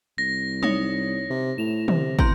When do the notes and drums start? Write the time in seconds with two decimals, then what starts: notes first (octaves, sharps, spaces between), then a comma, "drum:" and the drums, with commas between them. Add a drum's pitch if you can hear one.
0.18 C2 A#6
0.63 D#4 C#5, drum: tom
1.30 C3
1.58 A2 E7 F7
1.88 C3, drum: tom
2.19 E3 C4 A#5, drum: kick